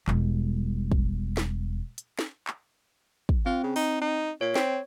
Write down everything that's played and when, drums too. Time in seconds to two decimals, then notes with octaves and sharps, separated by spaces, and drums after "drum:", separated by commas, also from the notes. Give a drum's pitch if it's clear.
0.08 E1 G3, drum: clap
0.92 drum: kick
1.37 drum: snare
1.98 drum: hi-hat
2.19 drum: snare
2.47 drum: clap
3.29 drum: kick
3.46 C4 F4
3.64 C#3
3.76 D#4, drum: open hi-hat
4.01 D#4
4.41 A#2 C#5
4.55 C4, drum: snare